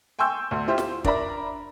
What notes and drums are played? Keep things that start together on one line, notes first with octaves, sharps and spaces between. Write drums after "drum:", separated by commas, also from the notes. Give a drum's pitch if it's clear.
G5 G#5 C6 C#6 E6 G6
D2
E4 F4 G4 C5
drum: snare
D4 A#4 D5 E5 A#5 B5, drum: kick